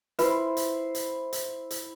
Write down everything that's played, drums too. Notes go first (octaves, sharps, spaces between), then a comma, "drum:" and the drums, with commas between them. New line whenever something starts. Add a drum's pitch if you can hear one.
E4 F4 B4 C5, drum: hi-hat
drum: hi-hat
drum: hi-hat
drum: hi-hat
drum: hi-hat